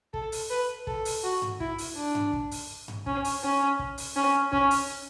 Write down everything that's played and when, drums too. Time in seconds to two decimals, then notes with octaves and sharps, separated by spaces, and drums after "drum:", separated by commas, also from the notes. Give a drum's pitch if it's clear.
0.14 A4, drum: kick
0.32 drum: open hi-hat
0.50 B4
0.87 A4, drum: kick
1.05 drum: open hi-hat
1.24 F#4
1.42 drum: tom G2
1.60 E4, drum: kick
1.78 drum: open hi-hat
1.96 D4
2.15 drum: tom G2
2.33 drum: kick
2.51 drum: open hi-hat
2.88 drum: tom G2
3.06 C#4, drum: kick
3.25 drum: open hi-hat
3.43 C#4
3.79 drum: kick
3.98 drum: open hi-hat
4.16 C#4
4.53 C#4, drum: kick
4.71 drum: open hi-hat